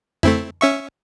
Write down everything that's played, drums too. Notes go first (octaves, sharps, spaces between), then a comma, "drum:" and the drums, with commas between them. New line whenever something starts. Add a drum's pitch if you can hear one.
A3 C4 E4, drum: tom F2
C#4 E5 C#6